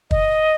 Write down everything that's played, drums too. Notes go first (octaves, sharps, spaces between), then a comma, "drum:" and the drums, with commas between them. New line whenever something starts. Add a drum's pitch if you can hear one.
D#5, drum: kick